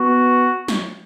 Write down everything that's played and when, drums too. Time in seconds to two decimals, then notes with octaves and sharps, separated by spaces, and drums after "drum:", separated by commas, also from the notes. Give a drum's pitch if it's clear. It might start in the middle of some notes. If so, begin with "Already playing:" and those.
Already playing: B3 F#4
0.68 drum: snare